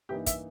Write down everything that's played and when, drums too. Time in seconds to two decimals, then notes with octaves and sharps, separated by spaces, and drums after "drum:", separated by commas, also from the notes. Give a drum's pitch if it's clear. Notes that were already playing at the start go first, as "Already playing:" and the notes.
0.09 G2 E3 A#3 D#4 G4
0.27 E5, drum: kick, hi-hat